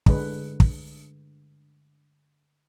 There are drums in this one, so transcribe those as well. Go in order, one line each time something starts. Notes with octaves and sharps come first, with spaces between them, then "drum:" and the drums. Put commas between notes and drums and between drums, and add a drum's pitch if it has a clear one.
D3 G#3 B4, drum: kick
drum: kick